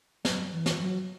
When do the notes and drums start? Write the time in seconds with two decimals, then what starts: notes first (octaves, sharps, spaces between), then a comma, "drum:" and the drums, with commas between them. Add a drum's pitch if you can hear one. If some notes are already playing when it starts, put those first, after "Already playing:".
0.25 F#3, drum: snare
0.52 E3
0.66 drum: snare
0.79 F#3